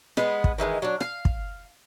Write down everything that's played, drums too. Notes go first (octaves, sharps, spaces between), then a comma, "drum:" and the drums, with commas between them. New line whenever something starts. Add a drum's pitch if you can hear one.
G#3 B3, drum: rim click
drum: kick
D#3 E3 G3 G#3
F#3 D4
F5, drum: rim click
drum: kick